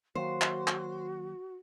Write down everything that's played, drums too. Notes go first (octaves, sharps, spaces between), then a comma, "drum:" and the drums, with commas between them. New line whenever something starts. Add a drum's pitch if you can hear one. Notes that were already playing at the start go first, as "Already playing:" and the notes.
D#3 F#3 A#3 F#4 C5
drum: clap
drum: clap